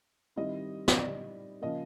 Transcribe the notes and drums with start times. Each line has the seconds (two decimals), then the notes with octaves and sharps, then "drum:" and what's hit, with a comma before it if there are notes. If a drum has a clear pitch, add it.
0.36 D#3 G3 C4 E4 D#5
0.88 drum: snare
0.99 D5
1.61 C#3 F3 A#3 D#5